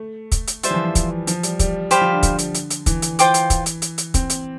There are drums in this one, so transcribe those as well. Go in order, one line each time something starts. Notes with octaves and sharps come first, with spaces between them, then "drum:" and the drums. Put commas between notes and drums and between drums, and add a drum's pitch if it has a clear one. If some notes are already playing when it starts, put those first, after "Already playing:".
Already playing: A3
drum: kick, hi-hat
drum: hi-hat
G3 F4 C5 E5, drum: hi-hat
E3
F3
E3
drum: kick, hi-hat
F3, drum: hi-hat
G3, drum: hi-hat
G3, drum: kick, hi-hat
G3 G4 C5 F5 B5, drum: hi-hat
F3
D3
drum: kick, hi-hat
drum: hi-hat
drum: hi-hat
drum: hi-hat
E3, drum: kick, hi-hat
drum: hi-hat
F4 C5 G5 D6, drum: hi-hat
drum: hi-hat
drum: kick, hi-hat
drum: hi-hat
drum: hi-hat
drum: hi-hat
C4, drum: kick, hi-hat
drum: hi-hat